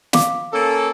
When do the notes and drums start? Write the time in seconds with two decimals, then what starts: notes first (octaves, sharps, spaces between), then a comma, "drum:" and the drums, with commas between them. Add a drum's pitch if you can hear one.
0.13 F5 D6, drum: snare
0.53 A#3 C#4 A4